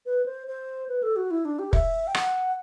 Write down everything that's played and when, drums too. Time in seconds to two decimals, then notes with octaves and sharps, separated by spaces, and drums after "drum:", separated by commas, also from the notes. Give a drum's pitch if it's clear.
0.06 B4
0.26 C5
0.47 C5
0.89 B4
1.03 A4
1.16 F#4
1.31 E4
1.45 D4
1.59 G4
1.73 E5, drum: kick
2.07 G5
2.15 F#5, drum: rim click